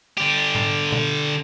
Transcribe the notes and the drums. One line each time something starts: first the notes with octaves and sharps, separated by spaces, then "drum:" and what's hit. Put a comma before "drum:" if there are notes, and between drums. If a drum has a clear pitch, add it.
D3 G4
drum: tom G#2
drum: tom A#2